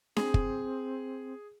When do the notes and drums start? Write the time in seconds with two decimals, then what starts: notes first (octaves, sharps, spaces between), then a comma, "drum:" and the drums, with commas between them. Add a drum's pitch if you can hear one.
0.17 C4 G#4, drum: snare D4
0.34 drum: kick